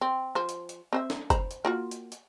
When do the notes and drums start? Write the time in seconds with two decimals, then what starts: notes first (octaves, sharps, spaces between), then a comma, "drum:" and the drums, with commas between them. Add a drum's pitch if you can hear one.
0.01 C4
0.35 F3 C5
0.49 drum: hi-hat
0.69 drum: hi-hat
0.93 C4 C5 E5
1.10 drum: snare
1.30 C5 A#5 B5, drum: kick, hi-hat
1.51 drum: hi-hat
1.65 A#3 F4 F#4
1.91 drum: hi-hat
2.12 drum: hi-hat